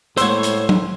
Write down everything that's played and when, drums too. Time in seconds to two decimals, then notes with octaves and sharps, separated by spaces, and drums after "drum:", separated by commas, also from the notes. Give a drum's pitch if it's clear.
0.17 A2 G#3 A#3 C5 C#5 C6 E6, drum: hi-hat
0.43 drum: hi-hat
0.69 drum: tom